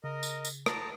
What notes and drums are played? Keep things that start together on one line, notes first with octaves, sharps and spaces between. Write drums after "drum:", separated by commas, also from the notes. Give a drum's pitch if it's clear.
C#3 A#4 D#5
drum: tambourine
drum: tambourine
A5 A#5, drum: rim click